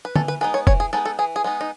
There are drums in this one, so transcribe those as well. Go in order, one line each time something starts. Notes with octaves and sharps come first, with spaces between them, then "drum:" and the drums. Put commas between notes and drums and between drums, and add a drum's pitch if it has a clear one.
B4
E3 A4, drum: tom D3
B4
G#3 B3 D#4 B4
C#5
E3 C#5, drum: kick F1
G#4
G#3 B3 D#4 A4
A4
E3 G#4
G#4
G#3 B3 D#4
D#4